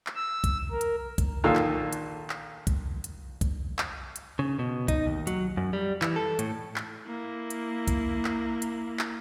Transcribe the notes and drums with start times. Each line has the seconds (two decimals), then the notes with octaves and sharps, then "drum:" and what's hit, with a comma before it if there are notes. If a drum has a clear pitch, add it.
0.07 drum: clap
0.16 E6
0.44 drum: kick, hi-hat
0.71 A#4
0.81 drum: hi-hat
1.18 drum: kick, hi-hat
1.44 A#1 A#2 D#3 A4 F5 E6
1.55 drum: clap
1.93 drum: hi-hat
2.30 drum: clap
2.67 drum: kick, hi-hat
3.04 drum: hi-hat
3.41 drum: kick, hi-hat
3.78 drum: clap
4.16 drum: hi-hat
4.39 C#3
4.59 B2
4.88 D#4, drum: kick, hi-hat
5.06 D#2
5.27 F#3, drum: hi-hat
5.57 F#2
5.73 G3
6.02 E3, drum: clap
6.16 A4
6.39 A2, drum: hi-hat
6.76 drum: clap
7.06 A#3 E4
7.50 drum: hi-hat
7.88 drum: kick, hi-hat
8.25 drum: clap
8.62 drum: hi-hat
8.99 drum: clap